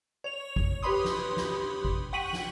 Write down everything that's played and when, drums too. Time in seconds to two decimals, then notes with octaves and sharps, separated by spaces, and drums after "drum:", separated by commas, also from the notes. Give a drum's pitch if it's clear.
0.24 C#5 F7
0.56 drum: kick G#1
0.83 G4 B4 C#5 B5 C6 D#6
1.04 drum: snare
1.37 drum: snare
1.85 drum: kick G#1
2.13 F#5 G5 C#6 B6 D#7 F#7
2.33 drum: snare